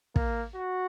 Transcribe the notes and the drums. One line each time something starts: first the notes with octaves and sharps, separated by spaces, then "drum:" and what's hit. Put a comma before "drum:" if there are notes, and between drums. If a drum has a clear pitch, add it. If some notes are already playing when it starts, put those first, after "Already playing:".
A#3, drum: kick
F#4